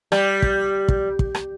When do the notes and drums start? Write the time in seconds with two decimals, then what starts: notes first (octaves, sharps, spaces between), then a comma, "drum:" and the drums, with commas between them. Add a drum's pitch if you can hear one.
0.12 G3, drum: rim click
0.42 drum: kick
0.88 drum: kick
1.19 drum: kick
1.35 drum: rim click